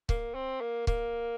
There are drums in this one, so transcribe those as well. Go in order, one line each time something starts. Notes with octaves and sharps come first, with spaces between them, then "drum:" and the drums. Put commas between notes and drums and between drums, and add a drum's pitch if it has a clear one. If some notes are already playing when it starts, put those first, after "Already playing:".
A#3, drum: kick C#1
C4
A#3
A#3, drum: kick C#1